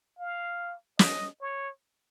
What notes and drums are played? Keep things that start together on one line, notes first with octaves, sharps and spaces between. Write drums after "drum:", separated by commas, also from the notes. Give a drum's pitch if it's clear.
F5
D#5, drum: snare
C#5